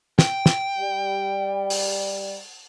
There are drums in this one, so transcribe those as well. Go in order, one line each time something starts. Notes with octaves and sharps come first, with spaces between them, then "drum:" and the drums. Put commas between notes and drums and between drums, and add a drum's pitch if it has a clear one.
G5, drum: snare
drum: snare
G3
drum: open hi-hat